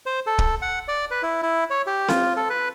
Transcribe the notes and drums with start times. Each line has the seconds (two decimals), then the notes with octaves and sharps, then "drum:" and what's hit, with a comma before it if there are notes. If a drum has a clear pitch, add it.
0.06 C5
0.27 A4
0.39 drum: kick
0.62 F#5
0.88 D5
1.11 B4
1.23 E4
1.42 E4
1.70 C#5
1.87 G4
2.09 F4, drum: snare C4
2.36 A4
2.50 B4